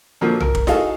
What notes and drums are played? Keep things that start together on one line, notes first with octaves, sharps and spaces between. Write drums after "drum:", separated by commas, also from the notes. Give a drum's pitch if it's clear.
A#2 D3 F3 A#3 F#4
A#4, drum: tom B1
drum: kick
D#4 F#4 G#4 A4 F5 A5, drum: snare E4